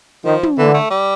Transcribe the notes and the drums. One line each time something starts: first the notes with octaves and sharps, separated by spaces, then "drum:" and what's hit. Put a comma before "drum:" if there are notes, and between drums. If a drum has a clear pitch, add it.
D#3 F3
drum: tom
D3 E3
A3
G3